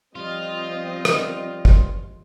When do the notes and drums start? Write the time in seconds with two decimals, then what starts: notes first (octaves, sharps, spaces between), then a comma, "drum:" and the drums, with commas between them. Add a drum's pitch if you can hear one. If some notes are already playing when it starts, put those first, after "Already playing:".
0.15 F3 G3 C4 F4 D#5
1.05 drum: rim click
1.65 drum: kick